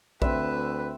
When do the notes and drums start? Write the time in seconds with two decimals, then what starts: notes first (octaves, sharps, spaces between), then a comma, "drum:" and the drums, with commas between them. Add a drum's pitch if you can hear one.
0.22 D2 C4 B4 E5, drum: kick A#1